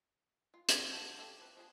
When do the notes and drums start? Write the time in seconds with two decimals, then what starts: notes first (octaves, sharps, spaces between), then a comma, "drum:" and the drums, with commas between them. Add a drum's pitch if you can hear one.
0.54 F4
0.69 C#5 E5, drum: hi-hat
0.90 F#4 A4
1.18 G4 A4 F5
1.39 F3 B4
1.57 F3 B3 G#4